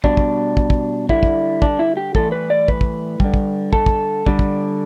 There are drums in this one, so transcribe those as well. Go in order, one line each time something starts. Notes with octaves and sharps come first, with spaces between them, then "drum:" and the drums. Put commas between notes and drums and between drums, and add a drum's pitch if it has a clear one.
B2 G3 D4, drum: kick
drum: kick
drum: kick
drum: kick
D3 G3 E4, drum: kick
drum: kick
D4, drum: kick
E4
G4
A2 E3 G3 A4, drum: kick
B4
D5
B4, drum: kick
drum: kick
D3 G3, drum: kick
drum: kick
A4, drum: kick
drum: kick
D3 G3, drum: kick
drum: kick